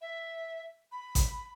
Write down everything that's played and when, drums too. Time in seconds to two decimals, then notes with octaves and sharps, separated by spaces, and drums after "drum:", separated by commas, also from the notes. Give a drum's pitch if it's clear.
0.01 E5
0.92 B5
1.15 drum: kick A1, hi-hat